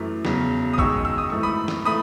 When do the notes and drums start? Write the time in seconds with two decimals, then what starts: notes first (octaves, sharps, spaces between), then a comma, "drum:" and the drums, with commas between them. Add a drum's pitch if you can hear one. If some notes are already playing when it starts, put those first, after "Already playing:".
Already playing: F#2 E3 A3
0.25 E2 C#3 F#3, drum: snare
0.73 D#6
0.78 F#2 D#3 G#3 C#6 E6, drum: kick
1.05 E6
1.18 D#6
1.30 G#2 E3 A3 C#6
1.43 B5 D#6
1.68 drum: snare
1.85 E3 A3 B5 D#6